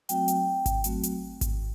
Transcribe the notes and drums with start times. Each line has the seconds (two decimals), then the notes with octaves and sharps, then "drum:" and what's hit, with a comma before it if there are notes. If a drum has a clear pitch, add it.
0.09 F#3 A3 C4 F#4 G5, drum: hi-hat
0.28 drum: hi-hat
0.66 drum: kick G#1, hi-hat
0.84 F#3 A3 C4 F#4, drum: hi-hat
1.03 drum: hi-hat
1.41 drum: kick G#1, hi-hat